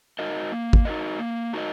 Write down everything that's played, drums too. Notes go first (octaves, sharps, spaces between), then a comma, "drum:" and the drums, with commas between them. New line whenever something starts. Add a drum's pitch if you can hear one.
D#4 F#4 A#4 D#5
A#3
drum: kick
D#4 F#4 A#4 D#5
A#3
D#4 F#4 A#4 D#5